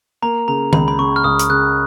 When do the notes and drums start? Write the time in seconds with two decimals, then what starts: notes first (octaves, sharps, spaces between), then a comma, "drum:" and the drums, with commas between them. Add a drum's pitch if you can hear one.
0.22 A#3 A#5
0.48 C#3 A#5
0.73 C#2 B5, drum: tom D#3
0.88 B5
0.99 C#3 C#6
1.16 F6
1.24 C#2 D#6
1.39 drum: hi-hat
1.49 C#3 F#6